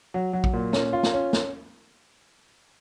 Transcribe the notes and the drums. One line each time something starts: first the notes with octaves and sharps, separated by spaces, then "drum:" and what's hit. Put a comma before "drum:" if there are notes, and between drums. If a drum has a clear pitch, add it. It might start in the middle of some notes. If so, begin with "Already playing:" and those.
F#3
F#3
drum: kick A#1
A#2
C#4, drum: snare
F4
drum: snare
C#4
drum: snare